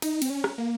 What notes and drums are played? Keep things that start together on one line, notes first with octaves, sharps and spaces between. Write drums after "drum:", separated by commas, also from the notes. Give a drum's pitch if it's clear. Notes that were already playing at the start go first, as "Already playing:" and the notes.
D#4, drum: cymbal
C4, drum: cymbal
C#4
drum: rim click
A#3